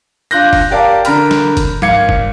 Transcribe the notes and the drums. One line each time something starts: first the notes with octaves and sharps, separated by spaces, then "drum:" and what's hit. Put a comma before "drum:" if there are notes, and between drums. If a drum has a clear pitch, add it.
D4 F4 F#6 G6 A#6
drum: kick, open hi-hat
G4 A#4 D5 F5 A5 D6
D3 A#4 A#5 B5 F6, drum: hi-hat
drum: snare
drum: kick, hi-hat
G#1 F5 G#6 C#7, drum: tom F3
drum: kick